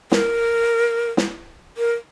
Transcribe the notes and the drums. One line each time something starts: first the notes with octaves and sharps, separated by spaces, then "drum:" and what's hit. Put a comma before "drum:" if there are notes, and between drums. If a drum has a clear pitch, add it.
A#4, drum: snare
drum: snare
A#4